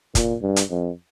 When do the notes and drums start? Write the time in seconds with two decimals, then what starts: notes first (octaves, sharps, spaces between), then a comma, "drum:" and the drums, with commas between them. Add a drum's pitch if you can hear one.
0.15 A#2, drum: kick, hi-hat
0.42 G2
0.56 drum: hi-hat
0.70 F2